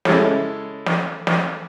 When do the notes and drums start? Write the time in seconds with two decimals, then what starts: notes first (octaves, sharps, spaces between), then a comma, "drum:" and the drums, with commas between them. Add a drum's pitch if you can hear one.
0.05 C#3 G#3 E4 A4 C#5, drum: snare
0.86 drum: snare
1.27 drum: snare